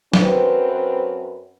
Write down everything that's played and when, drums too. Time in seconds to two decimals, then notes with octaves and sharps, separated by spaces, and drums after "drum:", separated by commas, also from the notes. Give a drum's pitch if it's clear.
0.13 F#2 C4 B4, drum: snare